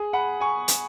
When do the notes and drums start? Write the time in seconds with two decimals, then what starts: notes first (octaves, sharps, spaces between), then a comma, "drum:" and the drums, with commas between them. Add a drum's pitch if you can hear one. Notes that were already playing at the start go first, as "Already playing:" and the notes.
Already playing: G#4
0.13 F#5 B5
0.40 G#5 C#6
0.68 drum: hi-hat